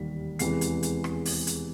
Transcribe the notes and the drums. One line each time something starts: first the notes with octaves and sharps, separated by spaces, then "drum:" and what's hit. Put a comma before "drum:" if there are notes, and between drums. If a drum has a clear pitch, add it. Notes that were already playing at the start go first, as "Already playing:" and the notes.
Already playing: E1 D#2 D#3 G3 B6
E2 C3 E3 G#3 C7, drum: hi-hat
drum: hi-hat
drum: hi-hat
drum: rim click
drum: open hi-hat
drum: hi-hat